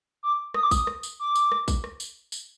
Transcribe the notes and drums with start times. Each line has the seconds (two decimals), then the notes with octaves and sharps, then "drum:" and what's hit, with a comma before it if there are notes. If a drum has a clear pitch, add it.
0.23 D6
0.54 D#6, drum: rim click
0.63 D6
0.71 D#6, drum: kick, tambourine
0.87 drum: rim click
1.03 drum: tambourine
1.20 D6
1.36 drum: tambourine
1.52 drum: rim click
1.68 drum: kick, tambourine
1.84 drum: rim click
2.00 drum: tambourine
2.32 drum: tambourine